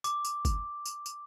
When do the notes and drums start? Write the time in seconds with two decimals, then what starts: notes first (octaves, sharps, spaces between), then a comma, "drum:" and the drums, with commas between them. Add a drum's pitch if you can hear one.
0.04 D6, drum: tambourine
0.25 drum: tambourine
0.45 drum: kick G1, tambourine
0.85 drum: tambourine
1.06 drum: tambourine